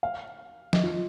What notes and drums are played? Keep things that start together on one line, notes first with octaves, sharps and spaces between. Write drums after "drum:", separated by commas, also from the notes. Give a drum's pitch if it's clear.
F5
D#5, drum: snare
F4